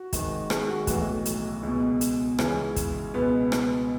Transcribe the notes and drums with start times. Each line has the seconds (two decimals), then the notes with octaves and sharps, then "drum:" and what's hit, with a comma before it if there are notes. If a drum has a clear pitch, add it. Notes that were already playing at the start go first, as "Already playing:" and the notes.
Already playing: F#4
0.13 G#1 G#2 D#3, drum: kick, hi-hat
0.50 G#4, drum: rim click
0.68 F#4
0.87 B1 A2 E3 F#4, drum: kick, hi-hat
1.25 drum: hi-hat
1.63 C#2 B2
2.01 drum: hi-hat
2.38 C#2 C#3 E3 C#4, drum: rim click
2.76 drum: kick, hi-hat
3.14 C#2 B2 B3
3.52 drum: rim click